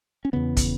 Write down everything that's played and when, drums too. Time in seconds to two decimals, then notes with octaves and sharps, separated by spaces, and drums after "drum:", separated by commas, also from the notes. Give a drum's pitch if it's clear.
0.25 C#4
0.33 E2 C#3 B3
0.57 drum: kick, hi-hat